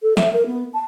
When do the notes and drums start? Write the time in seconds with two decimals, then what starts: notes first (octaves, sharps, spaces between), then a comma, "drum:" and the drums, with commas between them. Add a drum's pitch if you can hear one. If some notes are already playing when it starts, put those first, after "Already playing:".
0.03 A4
0.17 E5, drum: snare
0.33 A#4
0.46 B3
0.73 A5